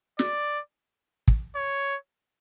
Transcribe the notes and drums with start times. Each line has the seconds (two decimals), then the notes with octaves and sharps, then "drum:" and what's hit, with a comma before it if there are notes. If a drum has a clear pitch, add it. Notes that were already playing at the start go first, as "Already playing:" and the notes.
0.19 D5, drum: snare
1.28 drum: kick
1.56 C#5